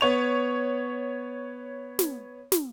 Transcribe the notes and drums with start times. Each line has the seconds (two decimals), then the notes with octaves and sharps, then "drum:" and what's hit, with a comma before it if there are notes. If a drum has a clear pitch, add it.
0.01 B3 C#5 F7
1.99 drum: snare
2.52 drum: snare